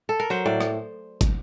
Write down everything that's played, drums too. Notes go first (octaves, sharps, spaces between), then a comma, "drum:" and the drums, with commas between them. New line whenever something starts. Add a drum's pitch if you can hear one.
A4
A#4
F#3 C5
A2 D5
drum: rim click
drum: kick, hi-hat